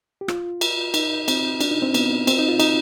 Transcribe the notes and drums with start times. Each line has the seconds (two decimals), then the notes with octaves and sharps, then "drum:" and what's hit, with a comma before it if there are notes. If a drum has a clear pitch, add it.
0.21 G4
0.28 F4, drum: rim click
0.61 drum: cymbal
0.94 D#4, drum: cymbal
1.28 C4, drum: cymbal
1.61 D4, drum: cymbal
1.71 D#4
1.82 C4
1.94 B3, drum: cymbal
2.27 C4, drum: cymbal
2.39 D#4
2.48 F4
2.60 D#4, drum: cymbal